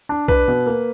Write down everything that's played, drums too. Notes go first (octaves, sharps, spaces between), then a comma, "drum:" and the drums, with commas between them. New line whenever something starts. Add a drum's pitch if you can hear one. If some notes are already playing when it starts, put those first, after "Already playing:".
D4
D4 B4, drum: kick B1
B2
A#3